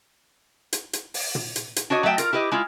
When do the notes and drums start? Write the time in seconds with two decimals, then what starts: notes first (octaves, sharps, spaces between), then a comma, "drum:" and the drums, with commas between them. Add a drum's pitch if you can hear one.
0.73 drum: hi-hat
0.93 drum: hi-hat
1.14 drum: open hi-hat
1.35 drum: tom
1.56 drum: hi-hat
1.76 drum: hi-hat
1.90 D4 F#4 C#5 D#5
2.03 F#3 A3 D#5 E5 G5
2.18 F4 A#4, drum: hi-hat
2.33 E4 G4 B4 D#5
2.52 G#3 E4 F4